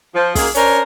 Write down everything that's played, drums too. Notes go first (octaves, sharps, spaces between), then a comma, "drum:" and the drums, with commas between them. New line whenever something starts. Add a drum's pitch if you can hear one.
F3
F#2 D#3 A#3 G#4, drum: kick, open hi-hat
C#4 D4 A#4 C5 C#5, drum: hi-hat